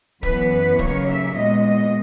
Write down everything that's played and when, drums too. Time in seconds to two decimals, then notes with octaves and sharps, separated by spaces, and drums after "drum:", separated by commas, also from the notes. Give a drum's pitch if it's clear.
0.23 F#2 E3 B3 B4, drum: kick
0.52 B4
0.79 D#2 C#3 F#3 A#3 C#4 C#5, drum: kick
1.08 E5
1.35 A#2 G#3 B3 D#5
1.64 D#5